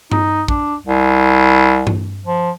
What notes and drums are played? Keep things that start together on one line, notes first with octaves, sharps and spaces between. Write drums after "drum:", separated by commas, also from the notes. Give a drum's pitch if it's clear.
D#4, drum: tom G2
D4, drum: kick
C2
drum: tom G2
F3